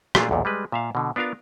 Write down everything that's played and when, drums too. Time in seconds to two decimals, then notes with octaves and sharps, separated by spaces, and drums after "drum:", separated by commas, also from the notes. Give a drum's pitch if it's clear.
0.15 A#2 A3 D4 F4 G#4, drum: rim click
0.29 B1 E2 A#2
0.45 G3 G#3 B4
0.72 A#2 E5 F5
0.95 B2 D3
1.16 B3 D4 F4 A#4 F5